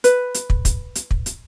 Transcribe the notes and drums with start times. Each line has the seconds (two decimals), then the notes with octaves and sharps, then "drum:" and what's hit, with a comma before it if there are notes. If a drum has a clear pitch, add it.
0.04 B4, drum: hi-hat
0.34 drum: hi-hat
0.50 drum: kick
0.65 drum: kick, hi-hat
0.95 drum: hi-hat
1.11 drum: kick
1.26 drum: hi-hat